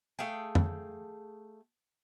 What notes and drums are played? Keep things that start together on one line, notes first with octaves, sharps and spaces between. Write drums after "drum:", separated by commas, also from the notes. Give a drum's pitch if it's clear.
A3 G#4 F5 G5
drum: tom